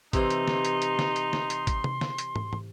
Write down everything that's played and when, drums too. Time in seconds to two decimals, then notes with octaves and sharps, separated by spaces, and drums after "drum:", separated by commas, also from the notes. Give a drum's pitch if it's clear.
0.13 C3 E3 D#4 C5 C6, drum: kick G#1, hi-hat
0.30 drum: hi-hat
0.48 drum: snare
0.65 drum: hi-hat
0.82 drum: hi-hat
0.99 drum: snare
1.16 drum: hi-hat
1.33 drum: snare
1.50 drum: hi-hat
1.67 drum: kick G#1, hi-hat
1.84 drum: tom C3
2.01 drum: snare
2.18 drum: hi-hat
2.36 drum: tom
2.53 drum: tom